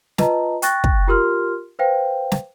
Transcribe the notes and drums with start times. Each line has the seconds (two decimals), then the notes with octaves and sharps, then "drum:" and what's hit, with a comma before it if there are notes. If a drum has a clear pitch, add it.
0.18 F4 B4 D#5 A5 A#5, drum: snare
0.62 G5 C#6 F#6 A6 A#6, drum: hi-hat
0.84 drum: kick
1.08 F4 G4 A#4 C6 F6
1.79 B4 C5 F5 G5
2.32 drum: snare